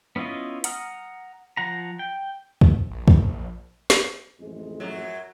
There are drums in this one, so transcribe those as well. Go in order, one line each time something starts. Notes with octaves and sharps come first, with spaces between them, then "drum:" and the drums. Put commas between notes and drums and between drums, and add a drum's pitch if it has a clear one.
B3 C#4 E4 F4 D#5
F#5 A#5 D#6 F6, drum: hi-hat
F3 F#5 A#5
G5
drum: kick
A#1
drum: kick
drum: snare
A1 F2 G#3
F#2 F#3